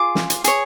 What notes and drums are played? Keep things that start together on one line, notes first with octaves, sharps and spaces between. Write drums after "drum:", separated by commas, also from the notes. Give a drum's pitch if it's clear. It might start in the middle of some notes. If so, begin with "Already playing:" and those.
Already playing: F4 G#4 D6
drum: snare
drum: hi-hat
G#4 C#5, drum: hi-hat